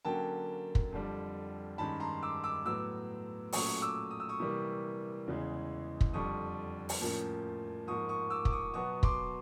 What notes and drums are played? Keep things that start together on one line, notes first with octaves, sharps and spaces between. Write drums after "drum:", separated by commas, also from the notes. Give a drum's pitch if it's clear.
D3 F#3 A#3 C#4 G5 A5
drum: kick
F2 D3 G3
G2 D#3 G#3 C#4 A5 B5
A#5 C6
D6 E6
D6 E6
A2 F#3 B3 D6 E6
A#2 F#3 A3 C#4 C#6 D#6, drum: open hi-hat
D6 E6
D#6
E6
C#6 D#6
C3 E3 G3 A#3
E2 C#3 E3 G#3
drum: kick
F2 D3 G3 C#6 D#6
drum: open hi-hat
A2 F3 A#3 C#4
G#2 F3 A#3 C#6 D#6
C#6 D#6
D6 E6
D6, drum: kick
C#6 D#6
B2 F#3 B3 C#6 D#6
C6 D6, drum: kick